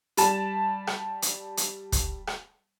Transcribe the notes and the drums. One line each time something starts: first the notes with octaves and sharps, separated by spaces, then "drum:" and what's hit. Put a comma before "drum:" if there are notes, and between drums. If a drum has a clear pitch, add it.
G3 A5, drum: hi-hat
drum: rim click
drum: hi-hat
drum: hi-hat
drum: kick, hi-hat
drum: rim click